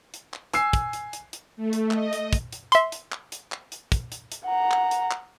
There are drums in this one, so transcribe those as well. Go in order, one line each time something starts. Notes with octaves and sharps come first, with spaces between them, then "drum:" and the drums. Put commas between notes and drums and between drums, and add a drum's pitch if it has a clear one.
drum: hi-hat
drum: clap
G#5 E6 C7, drum: hi-hat
drum: kick, hi-hat
drum: hi-hat
drum: hi-hat
drum: hi-hat
A3
drum: hi-hat
D#5, drum: clap
drum: hi-hat
drum: kick, hi-hat
drum: hi-hat
E5 C6, drum: hi-hat
drum: hi-hat
drum: clap
drum: hi-hat
drum: clap
drum: hi-hat
drum: kick, hi-hat
drum: hi-hat
drum: hi-hat
F#5 A#5
drum: clap
drum: hi-hat
drum: clap